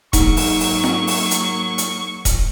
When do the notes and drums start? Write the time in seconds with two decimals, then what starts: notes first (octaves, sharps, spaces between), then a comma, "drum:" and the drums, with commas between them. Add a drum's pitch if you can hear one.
0.13 G#2 F#3 A#3 C#6, drum: kick D#1, hi-hat
0.37 drum: open hi-hat
0.60 drum: open hi-hat
0.84 drum: snare
1.07 drum: open hi-hat
1.31 drum: hi-hat
1.78 drum: hi-hat
2.25 drum: kick D#1, hi-hat